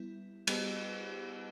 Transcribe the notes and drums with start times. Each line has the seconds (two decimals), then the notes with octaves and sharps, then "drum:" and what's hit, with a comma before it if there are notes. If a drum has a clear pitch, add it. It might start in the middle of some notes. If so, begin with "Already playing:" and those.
Already playing: G3 B3 E4
0.47 G3 B3 G4 B4, drum: cymbal